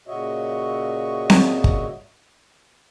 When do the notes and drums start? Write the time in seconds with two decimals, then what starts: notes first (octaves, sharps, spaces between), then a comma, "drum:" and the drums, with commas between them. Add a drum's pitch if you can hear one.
0.08 A#2 C#3 F#4 C#5 D#5 E5
1.30 drum: snare C4
1.64 drum: kick G1